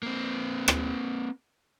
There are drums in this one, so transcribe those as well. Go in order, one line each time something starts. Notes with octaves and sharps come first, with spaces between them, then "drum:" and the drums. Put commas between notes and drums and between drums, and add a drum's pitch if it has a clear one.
A#3 C4
drum: rim click